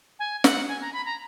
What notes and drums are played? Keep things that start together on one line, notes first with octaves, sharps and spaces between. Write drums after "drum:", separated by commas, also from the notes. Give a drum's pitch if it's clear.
G#5
F#5, drum: snare
G#5
A#5
B5
A#5